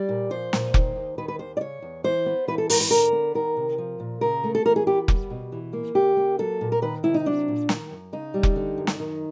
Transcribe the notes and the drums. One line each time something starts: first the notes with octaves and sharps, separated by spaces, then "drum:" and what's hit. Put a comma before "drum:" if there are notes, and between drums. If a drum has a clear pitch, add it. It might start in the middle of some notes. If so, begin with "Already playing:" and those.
Already playing: G3 D5
A#2
F3 C5
A#2, drum: snare
D#3, drum: kick F1
D#2
D#3 B4
B4
D#2 C5
D5
C#3 C#5
E2
E3 C5
B3
E3 B4
A4
G#2 A#4, drum: open hi-hat
B4
D3 A#4
B3
D#3 A#4
C3
F3
A#2
C#3 A#4
A3
A4
E3 A#4
G#4
B3 G4
G3, drum: kick F1
B2
E3
A#3
C#3 G4
A#3
F#3 A4
A#2
A#4
D#3 B4
C3 E4
D#4
F#3 D4
A#2
D#3, drum: snare
F#2
C#3 D#4
G3
drum: kick F1
D3
F#2
drum: snare
D#3